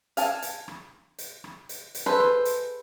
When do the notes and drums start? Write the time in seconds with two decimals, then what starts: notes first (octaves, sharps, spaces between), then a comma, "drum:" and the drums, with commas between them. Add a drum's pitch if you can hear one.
0.17 F5 G#5 A5, drum: hi-hat
0.42 drum: hi-hat
0.68 drum: rim click
1.18 drum: hi-hat
1.44 drum: rim click
1.69 drum: hi-hat
1.95 drum: hi-hat
2.06 G#4 A4 B4 C5
2.20 drum: rim click
2.45 drum: hi-hat